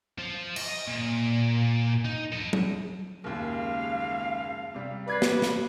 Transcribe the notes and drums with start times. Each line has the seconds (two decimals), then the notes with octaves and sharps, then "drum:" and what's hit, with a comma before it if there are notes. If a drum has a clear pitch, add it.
0.18 F3
0.56 D#5, drum: cymbal
0.87 A#2
2.05 D#4
2.33 A4 D#5
2.53 drum: tom F#3
3.24 F#1 D#2 G#3 F5
4.74 C3 G3
5.08 B4 D5 G#6 C7
5.22 drum: snare
5.42 drum: snare